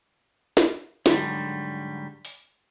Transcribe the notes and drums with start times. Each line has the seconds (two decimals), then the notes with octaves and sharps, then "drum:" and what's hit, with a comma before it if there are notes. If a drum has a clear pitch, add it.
0.57 drum: snare
1.06 G#2 D3 E3 F#3 G3, drum: snare
2.25 drum: open hi-hat